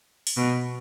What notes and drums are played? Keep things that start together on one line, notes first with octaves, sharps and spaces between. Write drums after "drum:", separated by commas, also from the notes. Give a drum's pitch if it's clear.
drum: open hi-hat
B2